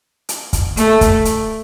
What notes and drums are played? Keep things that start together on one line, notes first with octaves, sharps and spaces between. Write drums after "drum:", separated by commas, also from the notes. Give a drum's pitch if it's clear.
drum: hi-hat
drum: kick, hi-hat
A3, drum: hi-hat
drum: kick, hi-hat
drum: hi-hat